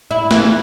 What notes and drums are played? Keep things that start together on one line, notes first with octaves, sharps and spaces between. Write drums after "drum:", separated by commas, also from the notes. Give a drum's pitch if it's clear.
E4
E3, drum: snare